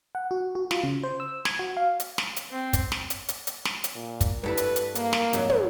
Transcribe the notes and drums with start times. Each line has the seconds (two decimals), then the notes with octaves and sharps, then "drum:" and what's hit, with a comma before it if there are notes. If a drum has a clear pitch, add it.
0.15 F#5
0.31 F#4
0.55 F#4
0.71 F4, drum: snare
0.83 C#3
1.03 C5
1.20 E6
1.45 G#6, drum: snare
1.59 F#4
1.77 F5
2.00 drum: hi-hat
2.18 drum: snare
2.36 drum: hi-hat
2.51 C4
2.73 drum: kick, hi-hat
2.92 drum: snare
3.10 drum: hi-hat
3.29 drum: hi-hat
3.47 drum: hi-hat
3.65 drum: snare
3.84 drum: hi-hat
3.95 A#2
4.21 drum: kick, hi-hat
4.44 G2 A3 E4 B4
4.57 drum: hi-hat
4.76 drum: hi-hat
4.95 A#3, drum: hi-hat
5.13 drum: snare
5.33 F2 G#2 F#3, drum: hi-hat
5.49 drum: tom